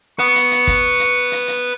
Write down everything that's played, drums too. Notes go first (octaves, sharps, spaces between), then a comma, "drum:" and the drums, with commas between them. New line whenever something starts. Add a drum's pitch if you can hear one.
B4 F#5 C#6
drum: hi-hat
drum: hi-hat
drum: kick, hi-hat
drum: hi-hat
drum: hi-hat
drum: hi-hat